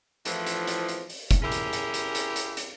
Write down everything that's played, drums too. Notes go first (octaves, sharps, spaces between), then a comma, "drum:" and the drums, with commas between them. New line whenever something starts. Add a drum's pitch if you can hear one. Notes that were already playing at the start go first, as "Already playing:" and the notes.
A2 E3 F3, drum: hi-hat
drum: hi-hat
drum: hi-hat
drum: hi-hat
drum: open hi-hat
drum: kick F1, hi-hat
C#4 E4 G4 G#4 A#4
drum: hi-hat
drum: hi-hat
drum: hi-hat
drum: hi-hat
drum: hi-hat
drum: hi-hat